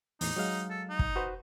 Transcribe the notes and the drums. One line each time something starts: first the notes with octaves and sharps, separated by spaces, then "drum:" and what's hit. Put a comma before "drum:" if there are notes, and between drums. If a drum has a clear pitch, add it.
E2 A2 D#4, drum: open hi-hat
F#3 G#3 F5
A4
D#4
drum: kick
F#4 B4 C5